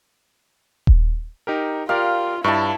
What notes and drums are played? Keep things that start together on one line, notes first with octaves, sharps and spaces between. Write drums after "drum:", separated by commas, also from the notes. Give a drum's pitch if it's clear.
drum: kick D#1
D#4 G4 A#4
F4 G4 A#4 D5 F5
G2 E4 C#5 A5